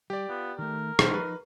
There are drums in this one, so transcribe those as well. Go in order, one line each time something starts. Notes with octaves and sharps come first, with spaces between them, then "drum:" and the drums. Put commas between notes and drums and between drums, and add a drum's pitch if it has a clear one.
G3 G4 D5
B3 F4
D#3 A3 A#4
D#2 B2 D#3 E3 C5, drum: rim click
F3 D#4 B4